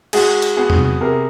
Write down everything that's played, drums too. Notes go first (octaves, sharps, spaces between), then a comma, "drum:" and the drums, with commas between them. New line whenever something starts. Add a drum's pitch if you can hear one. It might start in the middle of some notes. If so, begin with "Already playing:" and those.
G#3 F#4 G#4, drum: cymbal
drum: hi-hat
B3 F#4 G#4
drum: tom E2
C3 G#4 A#4